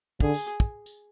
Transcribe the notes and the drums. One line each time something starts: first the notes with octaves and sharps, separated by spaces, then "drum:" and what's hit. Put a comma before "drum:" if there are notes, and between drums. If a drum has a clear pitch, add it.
D3 G#4, drum: kick
drum: tambourine
drum: kick
drum: tambourine